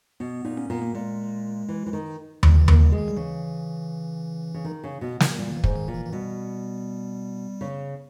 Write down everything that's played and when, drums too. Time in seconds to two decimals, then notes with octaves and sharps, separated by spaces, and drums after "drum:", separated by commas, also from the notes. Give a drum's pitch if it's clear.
0.20 B2 B3
0.45 A#2 D#4
0.57 C#4
0.70 A#2 B3
0.82 A#3
0.95 A#2 G#3
1.68 E3
1.86 E3
1.93 D#3
2.43 G3, drum: tom D#2
2.54 D#3
2.62 E3
2.68 A#3, drum: tom D#2
2.80 G3
2.92 G#3
2.98 D#3
3.08 G3
3.16 C#3 E3
4.54 C#3
4.65 D#3
4.84 C#3
5.01 B2
5.20 A#2, drum: snare
5.38 A#2 G3
5.51 D#3
5.57 E3
5.64 G#2, drum: kick
5.76 D#3
5.88 A#2
5.94 E3
6.06 E3
6.13 B2 G3
7.61 C#3